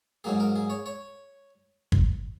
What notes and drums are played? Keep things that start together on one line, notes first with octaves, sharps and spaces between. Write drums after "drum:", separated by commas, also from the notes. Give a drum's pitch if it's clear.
G#2 F#3 A#3 G#4
A#4
G#4
C#5
C#5
drum: kick G1